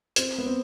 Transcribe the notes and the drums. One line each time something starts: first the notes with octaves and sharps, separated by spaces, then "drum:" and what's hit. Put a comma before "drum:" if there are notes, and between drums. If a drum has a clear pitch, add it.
C4, drum: hi-hat
B3
C4